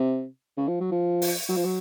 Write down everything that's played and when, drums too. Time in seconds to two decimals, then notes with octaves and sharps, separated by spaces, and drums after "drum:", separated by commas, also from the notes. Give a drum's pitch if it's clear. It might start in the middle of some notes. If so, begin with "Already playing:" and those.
Already playing: C3
0.57 C#3
0.68 F3
0.80 F#3
0.92 F3
1.22 drum: open hi-hat
1.49 F#3
1.56 F3
1.65 F#3